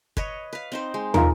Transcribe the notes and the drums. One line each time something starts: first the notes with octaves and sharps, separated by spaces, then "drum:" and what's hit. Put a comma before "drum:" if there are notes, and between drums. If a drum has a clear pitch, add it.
B4 C#5 D#5, drum: kick
B4 F5
C4 D#4 C5
G#3
D#4 F4 A#4, drum: tom